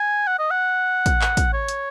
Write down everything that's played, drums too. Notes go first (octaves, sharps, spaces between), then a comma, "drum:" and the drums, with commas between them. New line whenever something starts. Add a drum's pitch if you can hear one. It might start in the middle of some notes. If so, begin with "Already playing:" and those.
Already playing: G#5
F#5
D#5
F#5
drum: kick, hi-hat
drum: clap
drum: kick, hi-hat
C#5
drum: hi-hat